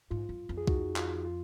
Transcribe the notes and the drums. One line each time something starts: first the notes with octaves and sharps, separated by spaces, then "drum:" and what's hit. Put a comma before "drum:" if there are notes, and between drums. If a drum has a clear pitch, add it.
G#2 F4
F#2
F2
G#4
D#4 F#4, drum: kick C2
F4, drum: clap
F4